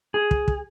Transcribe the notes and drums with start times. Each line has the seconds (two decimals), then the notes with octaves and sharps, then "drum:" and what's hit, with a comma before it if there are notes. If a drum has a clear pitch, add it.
0.14 G#4
0.31 drum: kick
0.48 drum: kick